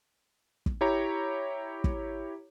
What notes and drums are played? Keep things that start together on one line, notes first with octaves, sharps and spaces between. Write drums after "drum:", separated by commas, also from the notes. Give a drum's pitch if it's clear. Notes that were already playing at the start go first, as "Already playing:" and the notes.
drum: kick
E4 G4 C#5 A#5
drum: kick